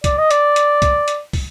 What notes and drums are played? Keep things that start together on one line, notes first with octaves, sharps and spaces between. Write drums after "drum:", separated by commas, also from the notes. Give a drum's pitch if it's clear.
D5, drum: kick, hi-hat
D#5
D5, drum: hi-hat
drum: hi-hat
drum: kick, hi-hat
drum: hi-hat
drum: kick, open hi-hat